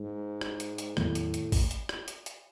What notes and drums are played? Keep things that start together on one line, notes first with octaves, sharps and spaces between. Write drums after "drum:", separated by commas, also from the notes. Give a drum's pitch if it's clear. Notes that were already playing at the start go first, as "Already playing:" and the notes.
Already playing: G#2
drum: rim click
drum: hi-hat
drum: hi-hat
E2 A2 D#3 F#3 B3, drum: rim click
drum: hi-hat
drum: hi-hat
drum: kick, open hi-hat
drum: hi-hat
drum: rim click
drum: hi-hat
drum: hi-hat